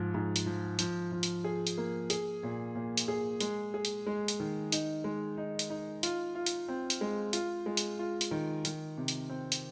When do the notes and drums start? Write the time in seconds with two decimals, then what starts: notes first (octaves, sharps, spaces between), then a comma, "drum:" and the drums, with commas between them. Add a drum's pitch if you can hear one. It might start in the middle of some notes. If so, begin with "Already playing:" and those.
Already playing: G#2 F3
0.14 G#2
0.36 drum: hi-hat
0.46 F3
0.79 F3, drum: hi-hat
1.12 F3
1.23 drum: hi-hat
1.44 G#4
1.67 drum: hi-hat
1.78 A#3
2.10 G#4, drum: hi-hat
2.43 A#2
2.75 A#2
2.97 drum: hi-hat
3.08 G#4
3.40 G#3, drum: hi-hat
3.74 G#4
3.85 drum: hi-hat
4.07 G#3
4.28 drum: hi-hat
4.40 D#3
4.72 D#4, drum: hi-hat
5.04 G#3
5.38 D#4
5.59 drum: hi-hat
5.70 D#4
6.03 F4, drum: hi-hat
6.35 F4
6.46 drum: hi-hat
6.68 C4
6.90 drum: hi-hat
7.01 G#3
7.33 F4, drum: hi-hat
7.66 G#3
7.77 drum: hi-hat
7.99 F4
8.21 drum: hi-hat
8.31 D#3
8.65 D#3, drum: hi-hat
8.97 C3
9.08 drum: hi-hat
9.29 C4
9.52 drum: hi-hat